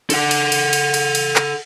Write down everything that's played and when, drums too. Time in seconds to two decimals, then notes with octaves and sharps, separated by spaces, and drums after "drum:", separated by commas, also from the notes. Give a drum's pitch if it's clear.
0.10 A4 F#5, drum: cymbal
0.31 drum: cymbal
0.52 drum: cymbal
0.73 drum: cymbal
0.94 drum: cymbal
1.15 drum: cymbal
1.36 drum: clap